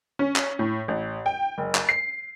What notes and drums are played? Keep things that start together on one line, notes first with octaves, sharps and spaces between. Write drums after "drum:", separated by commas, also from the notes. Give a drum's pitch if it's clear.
C#4
drum: clap
A2
A1
G5
F#1
drum: clap
C7